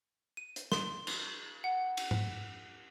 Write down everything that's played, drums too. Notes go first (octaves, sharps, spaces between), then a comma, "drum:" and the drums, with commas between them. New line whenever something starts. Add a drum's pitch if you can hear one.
D#7
drum: hi-hat
C6, drum: snare
drum: cymbal
F#5
drum: cymbal
drum: tom G#2